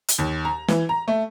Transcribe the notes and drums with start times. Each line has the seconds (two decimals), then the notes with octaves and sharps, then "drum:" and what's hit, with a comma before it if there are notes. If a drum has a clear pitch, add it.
0.08 drum: hi-hat
0.18 D#2
0.45 A#5
0.68 E3, drum: snare
0.89 A#5
1.08 A3